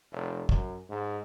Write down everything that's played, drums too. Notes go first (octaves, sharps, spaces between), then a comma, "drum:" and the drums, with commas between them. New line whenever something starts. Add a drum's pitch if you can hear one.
F1
F#2, drum: kick
G#2